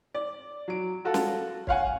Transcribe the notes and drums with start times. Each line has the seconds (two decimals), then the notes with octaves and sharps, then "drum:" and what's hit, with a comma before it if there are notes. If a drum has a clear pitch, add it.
0.14 D5
0.68 F#3 D7
1.05 F4 F#4 A4
1.14 drum: snare
1.67 C#5 F5 F#5 G#5, drum: kick